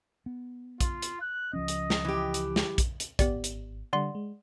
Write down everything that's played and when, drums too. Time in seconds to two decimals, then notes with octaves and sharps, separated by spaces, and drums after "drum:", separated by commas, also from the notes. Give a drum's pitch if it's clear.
0.26 B3
0.81 F4, drum: kick A#1, hi-hat
1.02 drum: hi-hat
1.21 F#6
1.53 C#2 F3 C#4 D#5
1.68 drum: hi-hat
1.90 drum: snare
2.05 E3 G4
2.34 drum: hi-hat
2.56 drum: snare
2.78 drum: kick A#1, hi-hat
3.00 drum: hi-hat
3.19 G#1 B3 G4 D5, drum: kick A#1, hi-hat
3.44 drum: hi-hat
3.93 D3 G3 D5 F#5 C6
4.15 G#3